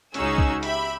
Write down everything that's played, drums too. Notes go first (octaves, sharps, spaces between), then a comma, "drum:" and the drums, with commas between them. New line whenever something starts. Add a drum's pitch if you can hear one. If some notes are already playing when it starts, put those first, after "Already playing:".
C#2 C#4 D#4 F#4 G#4 E6, drum: hi-hat
drum: kick B1
G4 E5 B5, drum: hi-hat